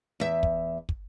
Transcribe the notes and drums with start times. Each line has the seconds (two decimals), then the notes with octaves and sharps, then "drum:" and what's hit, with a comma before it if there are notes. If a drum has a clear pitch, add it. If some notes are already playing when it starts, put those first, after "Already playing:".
0.20 E2 E5
0.43 drum: kick
0.89 drum: kick